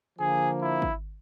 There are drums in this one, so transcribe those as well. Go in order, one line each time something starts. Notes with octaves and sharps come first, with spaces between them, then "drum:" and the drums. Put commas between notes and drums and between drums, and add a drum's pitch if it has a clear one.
D3 F3 A#3 G#4
E4
drum: kick G#1